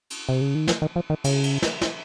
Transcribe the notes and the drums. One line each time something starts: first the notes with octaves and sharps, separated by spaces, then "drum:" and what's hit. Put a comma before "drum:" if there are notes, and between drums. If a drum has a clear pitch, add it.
drum: cymbal
C3
C#3
D#3
F3, drum: snare
D#3
F3
D#3
C#3, drum: cymbal
drum: cymbal
drum: snare
drum: snare